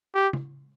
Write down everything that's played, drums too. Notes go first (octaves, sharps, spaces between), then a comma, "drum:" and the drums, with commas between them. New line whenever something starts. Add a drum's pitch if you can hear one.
G4
drum: tom